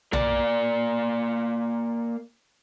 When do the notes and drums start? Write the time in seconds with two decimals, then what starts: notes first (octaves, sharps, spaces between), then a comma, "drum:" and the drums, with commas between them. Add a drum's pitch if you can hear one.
0.13 A#3 D5, drum: tom B1